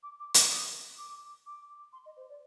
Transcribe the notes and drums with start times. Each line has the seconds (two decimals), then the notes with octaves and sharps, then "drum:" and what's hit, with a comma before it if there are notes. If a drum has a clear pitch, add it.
0.03 D6
0.19 D6
0.34 D6, drum: hi-hat
0.50 D#6
0.98 D6
1.46 D6
1.93 C6
2.05 D#5
2.17 C5
2.29 D5